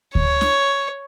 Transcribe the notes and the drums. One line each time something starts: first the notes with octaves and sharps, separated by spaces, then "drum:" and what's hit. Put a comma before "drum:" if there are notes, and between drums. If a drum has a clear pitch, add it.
C#5, drum: kick D2
drum: snare